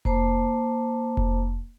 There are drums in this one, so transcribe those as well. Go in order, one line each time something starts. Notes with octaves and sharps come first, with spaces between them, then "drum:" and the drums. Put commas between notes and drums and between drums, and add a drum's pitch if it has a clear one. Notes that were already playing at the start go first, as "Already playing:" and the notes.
A#3 C5 A5 A#5 D6, drum: kick F1
drum: kick F1